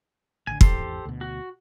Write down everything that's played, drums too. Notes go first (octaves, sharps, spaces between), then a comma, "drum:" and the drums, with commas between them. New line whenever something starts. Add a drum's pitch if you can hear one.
A1 D3 G#5
G#1 E2 G4 A4 C5, drum: kick
D2 B2
F#4